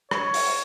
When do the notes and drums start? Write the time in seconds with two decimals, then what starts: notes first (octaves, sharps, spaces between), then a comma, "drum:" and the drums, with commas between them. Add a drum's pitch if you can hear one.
0.11 C#5, drum: rim click
0.34 drum: open hi-hat